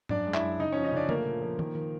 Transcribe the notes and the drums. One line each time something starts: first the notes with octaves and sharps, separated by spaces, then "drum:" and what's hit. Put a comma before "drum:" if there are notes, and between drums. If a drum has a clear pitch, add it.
F#2 D4 D5, drum: tom G#2
G#3
E4 E5, drum: clap
F#2
C#3 D#4 D#5
F3 C#4 C#5
D#4 D#5
C#3 D4 D5
A3 A#3 A#4, drum: tom D3
A#2
F3
D#3, drum: tom D#3
D#3